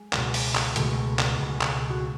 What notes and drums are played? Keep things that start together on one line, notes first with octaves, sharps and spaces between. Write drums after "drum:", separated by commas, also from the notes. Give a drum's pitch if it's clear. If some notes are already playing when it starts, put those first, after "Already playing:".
Already playing: G#3
C#2 B2, drum: clap
drum: open hi-hat
drum: clap
C#2 B2 A3, drum: hi-hat
drum: clap
C#2 B2
drum: clap
F#4